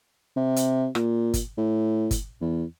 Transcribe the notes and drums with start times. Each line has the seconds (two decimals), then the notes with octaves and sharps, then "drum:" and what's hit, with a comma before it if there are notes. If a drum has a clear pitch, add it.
0.36 C3
0.56 drum: hi-hat
0.95 A#2, drum: rim click
1.34 drum: kick G1, hi-hat
1.57 A2
2.11 drum: kick G1, hi-hat
2.41 E2